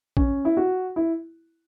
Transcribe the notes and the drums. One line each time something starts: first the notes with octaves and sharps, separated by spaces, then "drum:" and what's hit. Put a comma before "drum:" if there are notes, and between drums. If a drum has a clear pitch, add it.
C#4, drum: kick
E4
F#4
E4